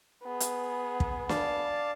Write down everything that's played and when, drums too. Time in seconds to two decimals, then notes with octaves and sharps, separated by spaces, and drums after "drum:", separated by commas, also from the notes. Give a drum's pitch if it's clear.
0.24 B3 G#4
0.40 drum: hi-hat
1.00 drum: kick
1.29 D5 F5 A5, drum: snare